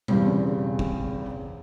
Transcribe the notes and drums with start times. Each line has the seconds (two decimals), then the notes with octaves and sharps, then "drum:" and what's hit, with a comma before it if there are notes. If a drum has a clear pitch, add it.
0.08 E2 C#3 G3 C4, drum: tom B2
0.79 drum: kick